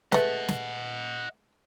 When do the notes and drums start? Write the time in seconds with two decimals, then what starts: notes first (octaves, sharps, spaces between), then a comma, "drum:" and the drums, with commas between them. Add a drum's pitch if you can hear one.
0.12 G#3 A3 B4 D#5 F#5, drum: snare
0.48 drum: snare